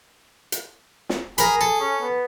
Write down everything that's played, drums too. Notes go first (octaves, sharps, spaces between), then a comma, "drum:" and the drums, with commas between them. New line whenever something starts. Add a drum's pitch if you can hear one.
drum: hi-hat
drum: snare
G#4 A#4 B5, drum: hi-hat
A4
C#4
B3